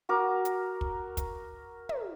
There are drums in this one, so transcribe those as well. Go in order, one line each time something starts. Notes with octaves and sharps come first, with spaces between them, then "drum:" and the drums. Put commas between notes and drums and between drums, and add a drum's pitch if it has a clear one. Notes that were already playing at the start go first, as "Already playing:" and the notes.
F#4 A#4 D6
drum: hi-hat
drum: kick
drum: kick, hi-hat
drum: tom